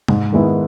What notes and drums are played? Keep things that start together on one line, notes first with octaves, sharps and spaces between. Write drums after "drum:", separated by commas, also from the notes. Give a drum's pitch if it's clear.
G#2, drum: tom C3
D#3 G#3 B3 E4